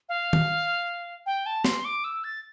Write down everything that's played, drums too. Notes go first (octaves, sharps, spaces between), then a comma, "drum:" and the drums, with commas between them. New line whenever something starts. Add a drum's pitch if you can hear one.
F5
drum: tom D#3
G5
A5
C6, drum: snare
D6
E6
A6